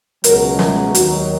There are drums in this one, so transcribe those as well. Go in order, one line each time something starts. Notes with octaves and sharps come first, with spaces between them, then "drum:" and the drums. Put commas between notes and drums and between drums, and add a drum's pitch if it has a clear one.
C#2 B2 F#3 A#4, drum: hi-hat
E4, drum: snare
D#2 D#3 F#3 F#4, drum: hi-hat